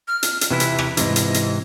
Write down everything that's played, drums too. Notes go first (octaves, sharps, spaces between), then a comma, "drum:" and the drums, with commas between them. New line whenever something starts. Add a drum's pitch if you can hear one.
F6
drum: hi-hat
drum: hi-hat
C3 E3 E4 B4
drum: hi-hat
drum: rim click
G#2 C3 E3 D#5, drum: hi-hat
drum: hi-hat
drum: hi-hat